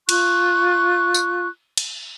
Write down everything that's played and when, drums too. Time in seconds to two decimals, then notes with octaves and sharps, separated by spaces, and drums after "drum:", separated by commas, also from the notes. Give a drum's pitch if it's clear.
0.09 F4 C#6 F#6, drum: cymbal
1.14 drum: tambourine
1.77 drum: cymbal